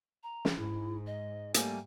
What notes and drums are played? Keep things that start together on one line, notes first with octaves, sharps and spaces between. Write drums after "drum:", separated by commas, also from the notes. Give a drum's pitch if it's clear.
A#5
drum: snare
G#2 E4
D#5
G3 A3 A#3 G#5, drum: hi-hat